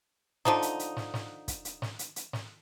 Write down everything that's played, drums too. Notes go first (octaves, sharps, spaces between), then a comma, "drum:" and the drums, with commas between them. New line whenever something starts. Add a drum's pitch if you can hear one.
D3 F3 D#4, drum: snare
drum: hi-hat
drum: hi-hat
drum: snare
drum: snare
drum: kick, hi-hat
drum: hi-hat
drum: snare
drum: hi-hat
drum: hi-hat
drum: snare